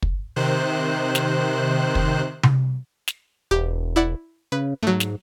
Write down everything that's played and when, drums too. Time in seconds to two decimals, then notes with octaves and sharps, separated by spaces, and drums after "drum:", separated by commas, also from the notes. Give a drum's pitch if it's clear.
0.02 drum: kick
0.36 C3 D#3 C5 F#6
1.15 drum: snare
1.95 drum: kick
2.43 drum: tom C3
3.08 drum: snare
3.51 E1 G4
3.96 E4 D5 F#5
4.52 C#3 B4
4.83 G#2 F#3 A3
5.00 drum: snare